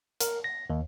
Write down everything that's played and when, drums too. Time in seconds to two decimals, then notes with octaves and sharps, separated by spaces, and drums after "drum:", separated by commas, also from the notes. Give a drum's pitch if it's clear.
0.21 A#4, drum: hi-hat
0.44 A#6
0.70 D#2